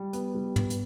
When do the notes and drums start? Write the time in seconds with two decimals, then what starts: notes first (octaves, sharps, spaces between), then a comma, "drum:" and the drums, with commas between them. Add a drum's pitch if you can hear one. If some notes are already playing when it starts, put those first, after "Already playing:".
Already playing: G3
0.13 B3, drum: hi-hat
0.35 G3
0.56 B3, drum: tom
0.70 drum: hi-hat